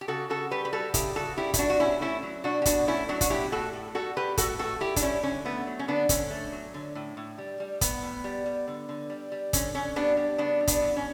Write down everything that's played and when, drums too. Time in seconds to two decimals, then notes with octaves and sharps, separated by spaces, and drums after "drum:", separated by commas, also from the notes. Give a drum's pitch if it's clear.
0.01 G4
0.08 C#3 F#4 A4
0.29 C#3 F#4 A4
0.51 G3 G4 B4
0.65 B4
0.73 G3 F#4 A4
0.94 C#3 E4 G4, drum: kick, hi-hat
1.15 C#3 F#4 A4
1.37 G3 E4 G4
1.54 E4, drum: kick, hi-hat
1.58 G3 D4 F#4
1.70 F#4
1.80 B2 C#4 E4
2.01 A3 C#4 E4
2.23 F#3
2.44 B2 D4 F#4
2.62 G4
2.65 B2 D4 F#4, drum: kick, hi-hat
2.87 A3 C#4 E4
3.09 F#3 D4 F#4
3.21 F#4, drum: kick, hi-hat
3.30 B2 E4 G4
3.52 A2 F#4 A4
3.73 A2
3.95 G3 F#4 A4
4.16 G3 G4 B4
4.37 A2 F#4 A4, drum: kick, hi-hat
4.59 A2 F#4 A4
4.80 G3 E4 G4
4.96 D4, drum: kick, hi-hat
5.02 G3 C#4 E4
5.23 D3 C#4
5.45 A3 B3
5.67 F#3
5.79 C#4
5.88 D3 B3 D4
6.09 D3 C#4, drum: kick, hi-hat
6.30 A3
6.52 F#3
6.74 D3
6.95 A2
7.17 A2
7.38 G3
7.60 G3
7.81 A2 B3, drum: kick, hi-hat
8.03 A2
8.24 G3
8.46 G3
8.67 D3
8.89 D3
9.10 G3
9.32 G3
9.53 D3 C#4, drum: kick, hi-hat
9.75 D3 C#4
9.96 G3 B3 D4
10.17 G3
10.38 C#3 B3 D4
10.60 G3
10.67 B3 D4, drum: kick, hi-hat
10.82 E3
10.96 C#4